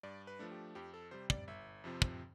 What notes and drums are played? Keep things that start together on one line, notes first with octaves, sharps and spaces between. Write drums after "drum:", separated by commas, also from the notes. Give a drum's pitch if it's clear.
G2 D5
B4
F3 A3 D4
G4
F2 G4
A4
C3 G3 C5
D5, drum: kick
G1 E5
F2 C3 F3 C4
drum: kick